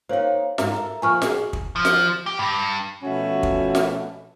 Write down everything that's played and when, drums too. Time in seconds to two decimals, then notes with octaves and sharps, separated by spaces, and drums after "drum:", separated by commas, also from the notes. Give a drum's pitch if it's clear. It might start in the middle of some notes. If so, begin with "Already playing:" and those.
0.09 A#3 D#4 C5 C#5 F5
0.58 G#2 F4 E5 A#5, drum: snare
0.74 A4 A#4
1.02 A#2 F3 G#5 C#6 F6
1.22 F#4 G#4 D#5, drum: snare
1.53 drum: kick
1.76 F3
1.85 drum: snare
2.26 G4
2.39 G2
3.03 B2 F3 A3 C#4 F#4
3.43 drum: kick
3.75 drum: snare